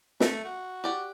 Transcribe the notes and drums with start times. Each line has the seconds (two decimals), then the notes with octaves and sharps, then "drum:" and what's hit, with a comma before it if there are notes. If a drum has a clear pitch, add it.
0.20 A3 E5, drum: snare
0.45 F#4
0.84 G4 D5 F#5